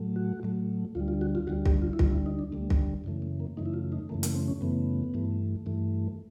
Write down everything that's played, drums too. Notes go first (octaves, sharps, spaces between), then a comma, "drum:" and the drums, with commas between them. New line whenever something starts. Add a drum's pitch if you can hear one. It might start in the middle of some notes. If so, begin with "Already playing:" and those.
Already playing: A2 F#3 A3
F#4
A2 F#3 A3
D2 D3 G3 F4
F4
F#4
F4
D2 D3 G3 F#4
G4, drum: kick
F4
E4
D2 D3 G3 F4, drum: kick
E4
D#4
D4
D2 D3 G3 A3
drum: kick
F#2 C#3 E3 A3
A3
A#3
F#2 C#3 E3 A3 D#4
E4
F4
D#4
F#2 C#3 E3 A3 A#3
A#3, drum: hi-hat
C4
C#4
F#2 C#3 E3 A3 B3
G2 E3 A3
G2 E3 A3